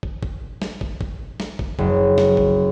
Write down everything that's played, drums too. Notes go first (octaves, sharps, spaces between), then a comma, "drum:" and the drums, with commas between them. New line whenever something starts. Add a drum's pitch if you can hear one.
drum: kick
drum: kick
drum: snare
drum: kick
drum: kick
drum: snare
drum: kick
F#1, drum: kick
drum: snare
drum: kick